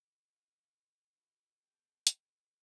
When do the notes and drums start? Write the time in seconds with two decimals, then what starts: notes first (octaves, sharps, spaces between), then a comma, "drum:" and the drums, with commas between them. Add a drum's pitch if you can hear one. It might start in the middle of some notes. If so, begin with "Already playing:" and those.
0.28 D#4 F#4 F5 G#5
0.77 C5
1.15 F3 D#4 E4 F#4 B4
1.59 B3 G#4 F5 G5 A5
2.07 drum: hi-hat
2.22 G#4 C5